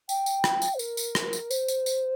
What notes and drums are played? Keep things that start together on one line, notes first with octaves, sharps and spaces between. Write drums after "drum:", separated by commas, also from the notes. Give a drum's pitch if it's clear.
G5, drum: tambourine
drum: tambourine
drum: rim click
drum: tambourine
C5
A#4, drum: tambourine
drum: tambourine
drum: rim click
drum: tambourine
C5, drum: tambourine
drum: tambourine
drum: tambourine